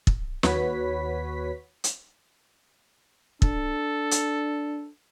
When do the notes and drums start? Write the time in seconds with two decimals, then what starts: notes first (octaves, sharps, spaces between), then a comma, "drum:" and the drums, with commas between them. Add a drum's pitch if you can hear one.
0.07 drum: kick
0.43 D#2 F#4 B4 C#5 B6, drum: snare
1.84 drum: hi-hat
3.42 D4 A4, drum: kick
4.11 drum: hi-hat